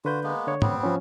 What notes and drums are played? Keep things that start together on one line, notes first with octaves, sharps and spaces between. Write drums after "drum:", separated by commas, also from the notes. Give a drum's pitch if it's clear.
D3 F4 F#4 B4 G6
G#3 A#3 B3
D3 C#5
G3 B3 C4, drum: tom
F3 C#4